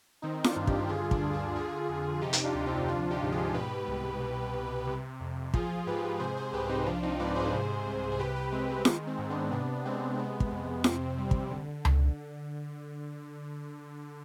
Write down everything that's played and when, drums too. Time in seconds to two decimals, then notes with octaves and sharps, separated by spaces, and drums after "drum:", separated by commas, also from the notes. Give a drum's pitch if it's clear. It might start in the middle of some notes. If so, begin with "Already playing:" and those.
0.22 D#3 C4 D#4
0.44 D4 F4, drum: snare
0.56 G2
0.67 D#4 G4, drum: kick
0.89 D3 F4 G#4
1.11 D4 F4, drum: kick
1.23 D2
1.33 F4 G#4
1.55 D3 F4 G#4
1.89 F2
2.21 C3 D#4 G4
2.33 drum: hi-hat
2.44 D4 F4
2.55 D2
2.66 C4 D#4
2.88 F3 D4 F4
3.10 D#4 G4
3.22 G#2
3.32 F4 G#4
3.54 B2 G4 B4
3.88 C2
4.20 B2
4.54 C2
4.87 C3
5.20 F2
5.54 F3 F4 G#4, drum: kick
5.87 G#2 G4 B4
6.20 C3 G#4 C5
6.37 G#4 C5
6.53 C2 G4 B4
6.69 C4 D#4
6.86 F3 D4 F4
7.03 C4 D#4
7.20 G#2 B4 D5
7.36 G#4 C5
7.53 C3
7.85 C2
8.12 G#4
8.19 C3 G4 B4
8.36 G4 B4
8.52 G#3 C4
8.69 C4
8.85 D#3, drum: snare
9.07 C4
9.19 G#2
9.30 B3 D4
9.51 C3 B3 D4
9.85 G#3 C4
10.18 C3 B3
10.40 drum: kick
10.51 F2
10.84 C3 C4, drum: snare
11.18 G3
11.31 drum: kick
11.51 D3
11.85 drum: tom C#2